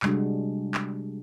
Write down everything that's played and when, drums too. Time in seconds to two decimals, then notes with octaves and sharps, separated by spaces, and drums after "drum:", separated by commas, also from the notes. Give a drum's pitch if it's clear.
0.03 C3 G3 G#3 D4 F#4, drum: clap
0.74 drum: clap